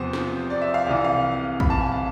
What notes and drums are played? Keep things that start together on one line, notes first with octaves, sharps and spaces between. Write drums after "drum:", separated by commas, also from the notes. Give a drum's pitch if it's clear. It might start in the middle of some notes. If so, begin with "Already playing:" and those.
Already playing: E2 C3 F3 B3 C5
drum: snare
D5
E5
F5
C2 C3 E3 D5
F5
B5, drum: kick A#1
A5
G#5
A5